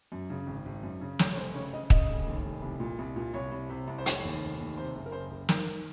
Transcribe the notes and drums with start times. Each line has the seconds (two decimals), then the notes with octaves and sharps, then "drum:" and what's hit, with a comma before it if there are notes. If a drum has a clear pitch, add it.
0.12 F#2
0.30 C#3
0.47 G#1
0.65 G#1
0.83 F#2
1.01 C#3
1.19 F1 C#5, drum: snare
1.31 C#5
1.37 F1 C5
1.55 C#3 C#5
1.73 C#3 D#5
1.90 C#3 D#5, drum: kick
2.08 F1
2.26 D#2
2.45 F1
2.62 C2
2.80 A#2
2.99 C2
3.16 A#2
3.34 C2 C#5
3.51 C2
3.70 C3
3.87 C2
3.98 C5
4.06 F1 C#5, drum: hi-hat
4.24 D#2
4.42 F1
4.60 D#2
4.77 C3 C5
4.95 F#1
5.06 A#4
5.12 F#1 C5
5.31 F#1
5.49 D#3 A#4, drum: snare
5.66 D#3